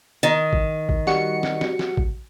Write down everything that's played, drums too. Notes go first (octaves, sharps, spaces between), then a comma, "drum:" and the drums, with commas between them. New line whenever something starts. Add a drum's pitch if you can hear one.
D#3
drum: kick A1
drum: kick A1
G3 F#4 C#7, drum: snare
drum: snare
drum: snare
drum: snare
drum: kick A1